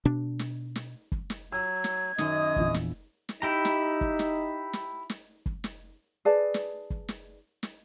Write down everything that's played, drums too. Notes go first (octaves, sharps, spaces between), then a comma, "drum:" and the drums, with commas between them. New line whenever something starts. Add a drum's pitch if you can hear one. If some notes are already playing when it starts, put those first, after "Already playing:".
B2 D4
drum: snare
drum: snare
drum: kick
drum: snare
F#3 E6 G#6
drum: snare
F#2 D#3 C#4 D#4 D#5 D#6, drum: snare
A#1 E2, drum: kick
drum: snare
drum: snare
D#4 E4 G4 A#5
drum: snare
drum: kick
drum: snare
drum: snare
drum: snare
drum: kick
drum: snare
G#4 B4 D5 A5
drum: snare
drum: kick
drum: snare
drum: snare